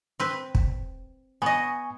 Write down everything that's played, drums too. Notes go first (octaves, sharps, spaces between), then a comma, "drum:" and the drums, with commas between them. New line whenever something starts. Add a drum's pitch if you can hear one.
C4 B4
drum: kick
B3 D#5 G#5 C#6